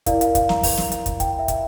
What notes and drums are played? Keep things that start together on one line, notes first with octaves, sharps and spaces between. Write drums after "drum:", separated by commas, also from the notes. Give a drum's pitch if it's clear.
E4 A#4 D5 F5, drum: kick, hi-hat
F5, drum: hi-hat
F5, drum: kick, hi-hat
A#5, drum: snare
drum: kick, open hi-hat
drum: snare
drum: hi-hat
drum: kick, hi-hat
G5, drum: kick, hi-hat
E5
drum: kick, hi-hat